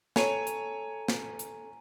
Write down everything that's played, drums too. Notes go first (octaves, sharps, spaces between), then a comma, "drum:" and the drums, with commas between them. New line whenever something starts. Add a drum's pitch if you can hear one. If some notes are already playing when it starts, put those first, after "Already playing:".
A4 C#5 G#5 A#5 D#7, drum: snare
drum: hi-hat
drum: snare
drum: hi-hat